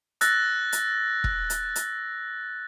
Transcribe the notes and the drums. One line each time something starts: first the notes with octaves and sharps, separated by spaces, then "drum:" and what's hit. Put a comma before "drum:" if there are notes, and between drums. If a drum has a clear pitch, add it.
E6 F#6 A6 A#6, drum: hi-hat
drum: hi-hat
drum: kick E1
drum: hi-hat
drum: hi-hat